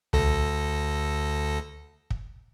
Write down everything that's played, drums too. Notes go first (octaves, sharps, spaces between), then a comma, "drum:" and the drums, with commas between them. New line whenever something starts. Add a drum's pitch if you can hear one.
D2 A4 A#6, drum: tom C2
drum: kick